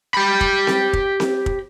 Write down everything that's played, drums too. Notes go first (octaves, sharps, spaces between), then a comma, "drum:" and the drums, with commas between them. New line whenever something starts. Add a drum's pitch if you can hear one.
G4 B5
drum: kick
drum: snare C4
drum: kick
drum: snare C4
drum: kick